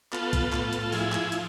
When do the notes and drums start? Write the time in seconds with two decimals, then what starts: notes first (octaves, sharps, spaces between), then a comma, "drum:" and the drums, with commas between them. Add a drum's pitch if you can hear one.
0.13 B3 F4 A4, drum: clap
0.33 drum: kick B1, hi-hat
0.53 A2, drum: clap
0.73 drum: hi-hat
0.92 F3 E4 G#4, drum: open hi-hat
1.12 drum: clap
1.32 drum: hi-hat